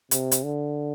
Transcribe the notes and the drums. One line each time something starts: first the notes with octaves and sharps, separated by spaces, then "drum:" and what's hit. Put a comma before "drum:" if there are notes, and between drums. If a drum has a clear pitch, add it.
C3, drum: hi-hat
drum: hi-hat
D3